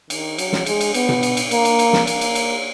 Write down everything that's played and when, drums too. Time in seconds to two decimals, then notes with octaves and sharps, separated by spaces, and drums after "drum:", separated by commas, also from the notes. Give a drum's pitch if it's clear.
0.10 D#3, drum: cymbal
0.38 F#3, drum: cymbal
0.52 drum: snare
0.66 G#3, drum: cymbal
0.81 drum: cymbal
0.94 B3, drum: cymbal
1.09 drum: tom B2
1.23 drum: cymbal
1.37 drum: cymbal
1.51 A#3, drum: cymbal
1.65 drum: cymbal
1.79 drum: cymbal
1.93 drum: snare
2.07 A#3, drum: cymbal
2.21 drum: cymbal
2.35 drum: cymbal